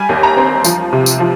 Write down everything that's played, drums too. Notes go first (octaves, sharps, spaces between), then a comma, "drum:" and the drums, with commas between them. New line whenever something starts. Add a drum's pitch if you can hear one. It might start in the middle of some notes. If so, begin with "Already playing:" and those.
Already playing: G3 G#5
D#2
A#5
C4
F3, drum: tambourine
C3
drum: tambourine
F3